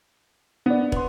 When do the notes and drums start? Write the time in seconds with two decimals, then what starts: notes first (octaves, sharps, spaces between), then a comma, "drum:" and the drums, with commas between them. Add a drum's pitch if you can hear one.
0.66 B3 D4 D5
0.92 B4 C6, drum: kick